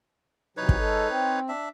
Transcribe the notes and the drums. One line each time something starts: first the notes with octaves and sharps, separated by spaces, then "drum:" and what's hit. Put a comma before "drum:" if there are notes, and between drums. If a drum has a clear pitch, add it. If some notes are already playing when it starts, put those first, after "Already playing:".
C3 E3 F#3 D#4 B4 C#5
drum: kick
G#3 A4
C4
D4 E5